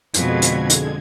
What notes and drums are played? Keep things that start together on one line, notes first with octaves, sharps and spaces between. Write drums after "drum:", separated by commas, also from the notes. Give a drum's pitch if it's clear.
F2 B2 D3 G#3 G#6, drum: hi-hat
drum: hi-hat
drum: hi-hat